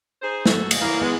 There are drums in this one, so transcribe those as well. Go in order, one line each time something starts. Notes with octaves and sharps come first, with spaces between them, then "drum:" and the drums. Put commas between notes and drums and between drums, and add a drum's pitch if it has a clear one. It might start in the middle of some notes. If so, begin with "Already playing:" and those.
D#4 G#4 C5
F#4 A4, drum: snare
drum: cymbal
A#3 E4 C#5 F5
G#3 B3